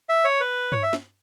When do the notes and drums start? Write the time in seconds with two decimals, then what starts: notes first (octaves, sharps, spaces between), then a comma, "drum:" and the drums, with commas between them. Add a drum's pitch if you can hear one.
0.09 E5
0.24 C#5
0.41 B4
0.72 C#5, drum: tom G2
0.83 E5
0.93 drum: snare